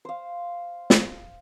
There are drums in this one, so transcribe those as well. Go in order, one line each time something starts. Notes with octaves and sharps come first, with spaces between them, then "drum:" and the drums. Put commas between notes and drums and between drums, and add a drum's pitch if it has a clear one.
C5 F5
drum: snare